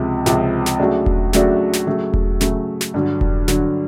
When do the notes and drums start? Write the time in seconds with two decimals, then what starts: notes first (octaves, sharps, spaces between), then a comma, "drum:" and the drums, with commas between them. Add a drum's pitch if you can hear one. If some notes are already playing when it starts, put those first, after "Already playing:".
Already playing: C#2 C3 F3
0.26 C#2 C3 F3, drum: snare
0.66 drum: snare
0.79 C#3 F#3 A3 D4 F#4
1.06 drum: kick E1
1.33 C#3 F#3 A3 D4 F#4, drum: snare
1.73 drum: snare
1.87 C#3 F#3 A3
2.14 drum: kick E1
2.41 C#3 F#3 A3, drum: snare
2.81 drum: snare
2.94 G2 D3 F#3
3.21 drum: kick E1
3.48 G2 D3 F#3, drum: snare